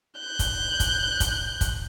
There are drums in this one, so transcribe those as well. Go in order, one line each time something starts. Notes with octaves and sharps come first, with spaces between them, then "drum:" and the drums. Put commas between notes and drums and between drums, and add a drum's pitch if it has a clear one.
F#6 G6
drum: kick, hi-hat
drum: kick, hi-hat
drum: kick, hi-hat
drum: kick, hi-hat